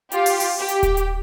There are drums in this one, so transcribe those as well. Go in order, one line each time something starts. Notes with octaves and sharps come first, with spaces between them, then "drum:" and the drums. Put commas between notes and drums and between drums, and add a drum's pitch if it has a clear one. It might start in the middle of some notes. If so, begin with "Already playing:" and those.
F4 G4, drum: hi-hat
drum: open hi-hat
drum: open hi-hat
G4
drum: hi-hat
drum: kick D#1, hi-hat
drum: hi-hat